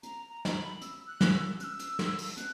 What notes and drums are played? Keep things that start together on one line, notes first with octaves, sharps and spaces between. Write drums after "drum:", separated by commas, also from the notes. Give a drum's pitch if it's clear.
A#5, drum: hi-hat
A#5
A#5, drum: snare
B5
E6, drum: hi-hat
F#6
drum: snare
E6
F#6, drum: hi-hat
E6
drum: hi-hat
drum: snare
drum: open hi-hat
F#6, drum: hi-hat